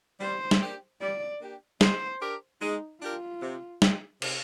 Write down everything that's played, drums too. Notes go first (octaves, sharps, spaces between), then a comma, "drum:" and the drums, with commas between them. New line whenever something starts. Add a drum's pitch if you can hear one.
G3 C5
drum: snare
A#3 D4 G4
G3 D5
A#3 D4 G4
G#3 C5, drum: snare
D4 G4 A#4
G#3 D#4
D4 F4 G4 A#4
C3
F3 G#3 D#4 G4, drum: snare
C3, drum: cymbal